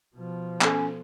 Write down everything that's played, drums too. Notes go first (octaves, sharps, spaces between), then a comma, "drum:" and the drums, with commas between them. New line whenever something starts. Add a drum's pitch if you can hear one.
B2 F3
B3 C#4 A4, drum: clap